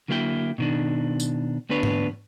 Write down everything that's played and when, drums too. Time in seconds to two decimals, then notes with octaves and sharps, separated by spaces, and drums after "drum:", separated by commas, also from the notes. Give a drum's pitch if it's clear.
0.08 D3 F#3 A#3 E4 F5 G5
0.58 B2 D#3 D4
1.20 drum: tambourine
1.69 D2 B3 D4 B4 C#5
1.83 drum: tom G#2